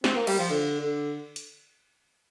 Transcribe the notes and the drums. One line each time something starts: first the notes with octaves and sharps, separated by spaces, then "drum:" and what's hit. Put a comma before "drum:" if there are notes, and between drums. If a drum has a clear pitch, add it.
C4, drum: snare
A#3
G3, drum: cymbal
F3
D3
D3
drum: hi-hat